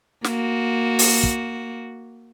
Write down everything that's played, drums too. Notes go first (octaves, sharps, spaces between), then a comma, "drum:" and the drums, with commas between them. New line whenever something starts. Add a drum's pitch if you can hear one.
A#3 F#4, drum: snare
drum: open hi-hat
drum: kick